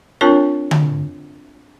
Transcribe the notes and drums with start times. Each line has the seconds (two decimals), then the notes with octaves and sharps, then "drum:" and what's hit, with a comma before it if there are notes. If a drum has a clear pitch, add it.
0.21 C4 D4 F4 A#4 C#5 A5
0.71 drum: tom D3